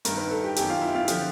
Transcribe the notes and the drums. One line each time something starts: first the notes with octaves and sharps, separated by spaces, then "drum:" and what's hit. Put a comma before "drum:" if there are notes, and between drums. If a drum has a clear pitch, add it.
G2 D#3 A#4, drum: hi-hat
B4
A4
G4
F#2 D#3 G4, drum: hi-hat
F4
E4
F4
D3 F3 G4, drum: hi-hat